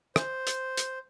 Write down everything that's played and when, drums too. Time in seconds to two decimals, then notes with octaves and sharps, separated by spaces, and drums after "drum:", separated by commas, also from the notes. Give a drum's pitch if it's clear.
0.16 C5, drum: rim click
0.47 drum: hi-hat
0.77 drum: hi-hat